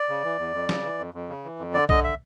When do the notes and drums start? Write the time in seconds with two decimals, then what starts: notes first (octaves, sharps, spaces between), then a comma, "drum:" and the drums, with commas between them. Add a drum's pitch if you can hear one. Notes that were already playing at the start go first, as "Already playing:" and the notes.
Already playing: D5
0.09 C#3
0.24 E3
0.38 E2
0.54 F2
0.69 C#3, drum: snare
0.84 E3
0.99 F2
1.14 F2
1.29 C#3
1.44 E3
1.59 F2
1.74 D3 D5
1.89 D3 D#5, drum: kick B1
2.04 E5